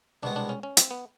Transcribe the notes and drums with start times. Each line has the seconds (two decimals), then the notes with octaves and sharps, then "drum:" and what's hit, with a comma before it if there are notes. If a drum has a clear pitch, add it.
0.23 C2 B2 G#3 B3 D4
0.36 D4
0.49 C#4
0.63 C#4
0.77 C4, drum: hi-hat
0.91 B3